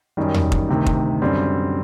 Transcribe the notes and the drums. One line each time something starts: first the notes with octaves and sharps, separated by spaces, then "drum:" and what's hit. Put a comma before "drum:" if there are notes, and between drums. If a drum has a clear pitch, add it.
F#2 D#3 G3
drum: tom E2
drum: kick
D2 C3 D#3
drum: kick
F#2 D3 G3 C4